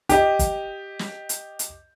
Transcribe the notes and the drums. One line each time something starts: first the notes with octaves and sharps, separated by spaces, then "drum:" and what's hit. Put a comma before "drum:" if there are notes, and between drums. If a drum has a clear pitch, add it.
G4 D#5, drum: hi-hat
drum: kick, hi-hat
drum: snare
drum: hi-hat
drum: hi-hat